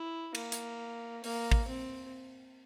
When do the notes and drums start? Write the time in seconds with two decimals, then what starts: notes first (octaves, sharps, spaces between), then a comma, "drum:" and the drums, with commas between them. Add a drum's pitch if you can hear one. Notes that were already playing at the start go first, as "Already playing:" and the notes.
Already playing: E4
0.35 A#3, drum: cymbal
0.52 drum: hi-hat
1.24 A#3, drum: open hi-hat
1.52 drum: kick
1.68 C4